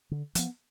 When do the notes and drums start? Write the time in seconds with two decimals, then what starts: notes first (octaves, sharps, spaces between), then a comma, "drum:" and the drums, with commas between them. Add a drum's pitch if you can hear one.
0.11 D3
0.35 F3 B3, drum: hi-hat